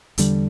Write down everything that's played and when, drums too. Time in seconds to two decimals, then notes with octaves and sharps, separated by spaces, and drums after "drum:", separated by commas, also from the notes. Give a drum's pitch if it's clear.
0.18 E2 D3 G3, drum: hi-hat